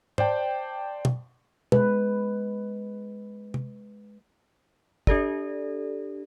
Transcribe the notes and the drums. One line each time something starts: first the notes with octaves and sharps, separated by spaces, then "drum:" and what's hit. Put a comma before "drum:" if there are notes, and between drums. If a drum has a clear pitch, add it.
C5 D5 G5 A5, drum: tom
drum: tom
G#3 B4, drum: tom
drum: tom
D4 G4 A4 D5, drum: kick